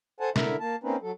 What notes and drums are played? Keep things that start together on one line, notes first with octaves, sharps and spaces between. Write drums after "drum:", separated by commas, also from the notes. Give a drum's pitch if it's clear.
A4 C5 F#5 G#5 A5
D3 E4 A#4 E5, drum: snare
A#3 A5
A#3 C4 C#4 D#4 B4
F#3 A4